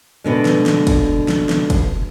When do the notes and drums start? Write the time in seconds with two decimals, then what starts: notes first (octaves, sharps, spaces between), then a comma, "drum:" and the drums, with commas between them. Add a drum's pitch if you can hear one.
0.24 B2 D3 G#3
0.45 drum: snare
0.66 drum: snare
0.87 drum: kick, cymbal
1.28 drum: snare
1.49 drum: snare
1.70 drum: kick, cymbal